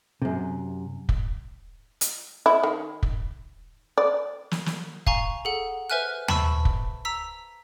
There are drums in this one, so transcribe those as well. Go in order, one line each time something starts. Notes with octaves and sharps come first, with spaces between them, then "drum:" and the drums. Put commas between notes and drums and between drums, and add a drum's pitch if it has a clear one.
F#2 C3
drum: kick
drum: hi-hat
E4
D#3
drum: kick
D5
drum: snare
drum: snare
F5 G#5 A#5 C#6, drum: kick
G#4 A4 F#5
B4 C5 E5 G#5 F6 F#6
A5 B5 C#6 E6, drum: tom D#2
drum: kick
A#5 E6 B6